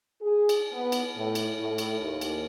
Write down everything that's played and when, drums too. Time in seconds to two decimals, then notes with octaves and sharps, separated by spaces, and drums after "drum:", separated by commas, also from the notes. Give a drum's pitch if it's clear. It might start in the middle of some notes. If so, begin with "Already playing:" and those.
0.21 G#4
0.49 drum: cymbal
0.73 B3
0.92 drum: cymbal
1.16 A2
1.35 drum: cymbal
1.59 A2
1.78 drum: cymbal
2.00 D#2
2.21 drum: cymbal